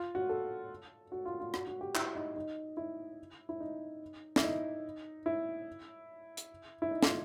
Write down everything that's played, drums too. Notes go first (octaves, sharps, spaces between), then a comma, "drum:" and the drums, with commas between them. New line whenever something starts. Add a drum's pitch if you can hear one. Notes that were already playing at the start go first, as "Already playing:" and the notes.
Already playing: F4
F#4
A4
F#4
F4
F4
F#4, drum: rim click
F#4
G4
E4, drum: clap
D#4
D#4
E4
E4
D#4
E4, drum: snare
D#4
E4
drum: hi-hat
E4
D#4
F4, drum: snare